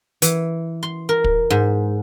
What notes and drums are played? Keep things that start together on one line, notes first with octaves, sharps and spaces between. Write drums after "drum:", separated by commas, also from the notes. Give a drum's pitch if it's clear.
E3, drum: hi-hat
C6
A#4
drum: kick
G#2